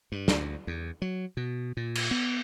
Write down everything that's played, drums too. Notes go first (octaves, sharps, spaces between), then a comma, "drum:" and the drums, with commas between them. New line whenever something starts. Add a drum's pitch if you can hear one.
G2
D2, drum: snare
E2
F#3
B2
A#2
drum: cymbal
B3